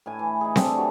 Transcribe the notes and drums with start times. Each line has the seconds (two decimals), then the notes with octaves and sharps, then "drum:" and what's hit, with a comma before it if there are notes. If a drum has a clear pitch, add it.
0.06 A2 E4 G#5
0.19 E3
0.41 D#4 G#4
0.56 C4 D4 G4 A4, drum: snare C4
0.76 E3 F#3 A3